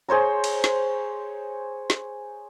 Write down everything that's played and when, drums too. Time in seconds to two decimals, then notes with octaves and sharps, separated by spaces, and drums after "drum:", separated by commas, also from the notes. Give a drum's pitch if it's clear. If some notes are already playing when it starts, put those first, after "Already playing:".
0.09 G#4 C5 C#5 A#5
0.44 drum: cymbal
0.64 drum: snare
1.90 drum: snare